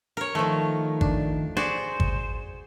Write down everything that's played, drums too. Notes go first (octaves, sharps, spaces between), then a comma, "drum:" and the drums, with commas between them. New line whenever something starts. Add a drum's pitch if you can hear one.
A#4 C#5
D#3 F3 A3
D4, drum: kick
F#4 G#4 C5 D5
drum: kick